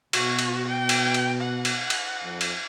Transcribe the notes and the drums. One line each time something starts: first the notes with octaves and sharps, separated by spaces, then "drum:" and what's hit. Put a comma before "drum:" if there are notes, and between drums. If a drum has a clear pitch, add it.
B2 F#4, drum: cymbal
drum: cymbal
G5
drum: cymbal
drum: cymbal
F#5
drum: cymbal
drum: cymbal
F2
drum: cymbal